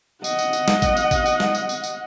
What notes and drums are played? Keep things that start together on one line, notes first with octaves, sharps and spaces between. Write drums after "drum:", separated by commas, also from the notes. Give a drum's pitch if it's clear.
D#5 F#5, drum: tambourine
drum: tambourine
drum: tambourine
drum: snare
drum: kick, tambourine
drum: tambourine
drum: kick, tambourine
drum: tambourine
drum: snare
drum: tambourine
drum: tambourine
drum: tambourine